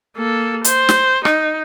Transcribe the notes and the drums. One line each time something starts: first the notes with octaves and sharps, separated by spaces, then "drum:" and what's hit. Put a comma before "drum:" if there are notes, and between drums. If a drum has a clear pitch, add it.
A#3 A4
C5, drum: hi-hat
drum: snare
D#4, drum: rim click